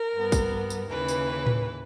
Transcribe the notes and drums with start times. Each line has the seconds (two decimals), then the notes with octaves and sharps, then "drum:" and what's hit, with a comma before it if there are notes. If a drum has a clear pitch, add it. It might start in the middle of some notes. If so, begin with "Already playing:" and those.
Already playing: A#4
0.13 G2 G3 B3
0.32 drum: kick, tambourine
0.70 drum: tambourine
0.89 D#2 C#3 E3 B4
1.08 drum: tambourine
1.47 drum: tom A2